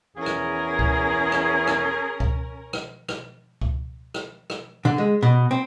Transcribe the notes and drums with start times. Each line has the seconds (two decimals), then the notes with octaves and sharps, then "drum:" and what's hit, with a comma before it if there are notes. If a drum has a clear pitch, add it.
0.17 E2 C#4 G#4 A#4
0.26 drum: rim click
0.79 drum: kick C#2
1.32 drum: rim click
1.67 drum: rim click
2.20 drum: kick C#2
2.73 drum: rim click
3.09 drum: rim click
3.61 drum: kick C#2
4.14 drum: rim click
4.50 drum: rim click
4.85 D3
4.98 G#3
5.23 B2
5.51 C4